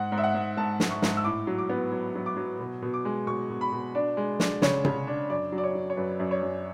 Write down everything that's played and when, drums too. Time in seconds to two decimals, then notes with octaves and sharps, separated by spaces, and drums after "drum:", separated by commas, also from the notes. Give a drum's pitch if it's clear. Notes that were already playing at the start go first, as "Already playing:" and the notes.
Already playing: G#2 F#5
0.12 G#2
0.18 E5
0.24 F#5
0.34 G#2
0.57 G#2 A5
0.80 G#2, drum: snare
0.91 C#6
1.02 G#2, drum: snare
1.17 E6
1.24 A2 D6
1.47 F#3
1.58 D6
1.69 B3
1.92 F#3
2.15 F#3
2.26 D6
2.37 F#3
2.59 B2
2.82 B2
2.94 D6
3.05 G#3
3.27 B2 C#6
3.50 B2
3.61 B5
3.72 B2
3.95 D4 D5
4.17 G#3
4.40 D4, drum: snare
4.62 C#3 C#5, drum: snare
4.85 C#3, drum: tom C3
5.07 D4
5.30 F#2 D5
5.52 F#3
5.58 D5
5.64 C#5
5.75 F#3
5.90 C#5
5.97 F#2 B4
6.19 F#2
6.31 C#5
6.42 F#2